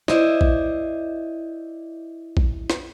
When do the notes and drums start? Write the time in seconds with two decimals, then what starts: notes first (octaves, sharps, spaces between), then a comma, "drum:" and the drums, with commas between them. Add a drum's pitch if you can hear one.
0.08 E4 C5 D5 D#5, drum: snare
0.41 drum: kick A#1
2.37 drum: kick A#1
2.70 drum: snare